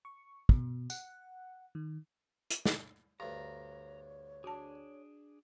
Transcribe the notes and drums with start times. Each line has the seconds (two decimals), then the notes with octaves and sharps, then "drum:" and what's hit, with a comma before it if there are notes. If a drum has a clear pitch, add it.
0.05 C#6
0.49 B2, drum: kick
0.90 F#5, drum: tambourine
1.75 D#3
2.50 drum: hi-hat
2.65 drum: snare
3.20 D2 G2 C#5 A#5
4.44 D4 F#4 G#4 A5